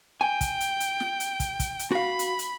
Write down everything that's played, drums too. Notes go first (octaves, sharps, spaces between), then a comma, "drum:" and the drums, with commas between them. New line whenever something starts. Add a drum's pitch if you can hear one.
G5 G#5
drum: kick, hi-hat
drum: hi-hat
drum: hi-hat
drum: snare
drum: hi-hat
drum: kick, hi-hat
drum: kick, hi-hat
drum: hi-hat
F#4 F5 B5
drum: hi-hat
drum: hi-hat